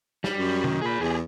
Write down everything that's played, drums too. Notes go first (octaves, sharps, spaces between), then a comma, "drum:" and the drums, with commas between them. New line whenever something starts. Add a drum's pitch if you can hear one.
G3, drum: snare
F#2
D#3, drum: tom C3
A#2 G#4 B5
E2 G4 G#4